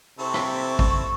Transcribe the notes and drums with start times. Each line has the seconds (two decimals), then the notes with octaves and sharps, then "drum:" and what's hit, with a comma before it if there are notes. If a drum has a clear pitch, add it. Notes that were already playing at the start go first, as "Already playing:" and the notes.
0.19 C3 C4 E4 A4 C#6
0.34 drum: rim click
0.79 drum: kick A1